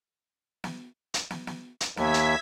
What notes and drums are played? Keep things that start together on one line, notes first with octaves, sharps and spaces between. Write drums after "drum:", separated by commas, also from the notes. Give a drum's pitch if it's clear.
drum: snare
drum: hi-hat
drum: snare
drum: snare
drum: hi-hat
D#2 E5 G#6 B6, drum: snare
drum: hi-hat